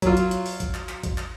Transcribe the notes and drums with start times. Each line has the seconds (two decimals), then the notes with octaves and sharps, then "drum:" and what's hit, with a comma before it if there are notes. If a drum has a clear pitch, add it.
0.02 F#3 F4, drum: kick, hi-hat
0.17 drum: hi-hat
0.31 drum: hi-hat
0.46 drum: open hi-hat
0.60 drum: kick, hi-hat
0.75 drum: clap
0.89 drum: clap
1.03 drum: kick, hi-hat
1.18 drum: clap